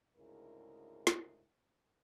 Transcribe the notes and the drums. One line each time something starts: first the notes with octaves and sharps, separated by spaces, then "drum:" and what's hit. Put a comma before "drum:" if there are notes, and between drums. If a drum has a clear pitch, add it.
D2 G#2 C#3 E4 A#4
drum: snare